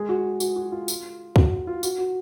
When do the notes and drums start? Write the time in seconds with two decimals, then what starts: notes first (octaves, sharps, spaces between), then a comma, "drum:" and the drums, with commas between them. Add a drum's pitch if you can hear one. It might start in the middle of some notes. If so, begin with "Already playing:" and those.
Already playing: G#3 G#4
0.09 F#4
0.40 F#4, drum: tambourine
0.56 F#4
0.72 F4
0.88 drum: tambourine
1.36 F#4, drum: kick
1.67 F4
1.83 F#4, drum: tambourine
1.98 F#4